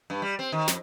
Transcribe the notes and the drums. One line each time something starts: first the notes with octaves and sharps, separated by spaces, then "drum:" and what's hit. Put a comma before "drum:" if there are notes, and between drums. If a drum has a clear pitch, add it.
G2
G3
C4
D#3
F2, drum: snare